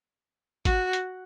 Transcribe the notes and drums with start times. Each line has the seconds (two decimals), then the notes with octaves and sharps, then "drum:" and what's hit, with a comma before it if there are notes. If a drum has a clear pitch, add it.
0.65 F#4, drum: kick, hi-hat
0.93 drum: hi-hat